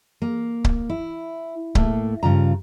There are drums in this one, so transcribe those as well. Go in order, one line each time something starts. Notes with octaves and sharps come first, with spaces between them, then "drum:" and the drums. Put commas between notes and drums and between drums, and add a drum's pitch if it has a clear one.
A#3
drum: kick C#1
E4
A2 A3 A#3, drum: kick C#1
G2 C#3 F4 A#5